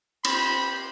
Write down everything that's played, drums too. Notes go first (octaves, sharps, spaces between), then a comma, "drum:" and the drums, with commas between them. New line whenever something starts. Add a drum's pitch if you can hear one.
G4 C5 B5, drum: cymbal